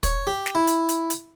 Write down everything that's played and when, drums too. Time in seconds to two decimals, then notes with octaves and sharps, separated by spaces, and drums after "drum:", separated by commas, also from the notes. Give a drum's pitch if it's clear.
0.03 C#5, drum: kick, hi-hat
0.27 G4
0.46 drum: snare
0.55 E4
0.67 drum: hi-hat
0.89 drum: hi-hat
1.10 drum: hi-hat